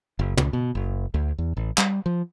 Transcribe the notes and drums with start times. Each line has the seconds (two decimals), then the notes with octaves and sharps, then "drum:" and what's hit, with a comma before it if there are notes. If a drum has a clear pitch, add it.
0.19 F#1
0.37 C#2, drum: tom
0.53 B2
0.75 F#1
1.14 D2
1.38 E2
1.57 A1
1.78 G3, drum: clap
2.06 F3